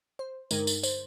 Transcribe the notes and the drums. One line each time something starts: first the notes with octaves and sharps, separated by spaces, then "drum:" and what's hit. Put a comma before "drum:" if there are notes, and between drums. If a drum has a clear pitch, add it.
C5
G2 D3 G#3 D#4 A#4, drum: tambourine
drum: tambourine
C5, drum: tambourine